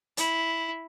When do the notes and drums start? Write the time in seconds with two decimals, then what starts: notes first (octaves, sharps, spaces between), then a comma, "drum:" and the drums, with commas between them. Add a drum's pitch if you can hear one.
0.17 E4, drum: hi-hat